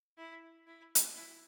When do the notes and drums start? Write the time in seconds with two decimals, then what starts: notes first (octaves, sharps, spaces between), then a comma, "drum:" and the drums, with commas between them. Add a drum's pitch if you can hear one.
0.18 E4
0.67 E4
0.95 drum: hi-hat
1.16 E4